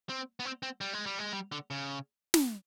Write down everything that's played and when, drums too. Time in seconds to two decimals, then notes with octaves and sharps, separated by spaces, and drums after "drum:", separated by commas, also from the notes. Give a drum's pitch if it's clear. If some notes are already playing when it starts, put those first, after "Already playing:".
0.09 C4
0.40 B3
0.45 C4
0.63 C4
0.81 G3
0.93 G#3
1.06 G3
1.19 G#3
1.33 G3
1.52 D3
1.71 C#3
2.34 drum: snare